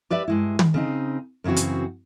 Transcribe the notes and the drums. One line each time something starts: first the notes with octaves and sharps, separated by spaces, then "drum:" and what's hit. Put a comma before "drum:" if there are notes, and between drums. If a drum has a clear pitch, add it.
G4 B4 D5 E5
G2 G#3 E4
drum: tom
C#3 C4 D#4
F#2 C#3 E3 C4 F#4
drum: hi-hat